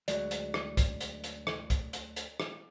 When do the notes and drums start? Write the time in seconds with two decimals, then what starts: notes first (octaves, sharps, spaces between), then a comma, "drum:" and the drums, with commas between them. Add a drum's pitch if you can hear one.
0.08 D2 F#3 G#3 D5, drum: hi-hat
0.31 drum: hi-hat
0.54 drum: rim click
0.77 drum: kick, hi-hat
1.01 drum: hi-hat
1.24 drum: hi-hat
1.47 drum: rim click
1.70 drum: kick, hi-hat
1.93 drum: hi-hat
2.16 drum: hi-hat
2.40 drum: rim click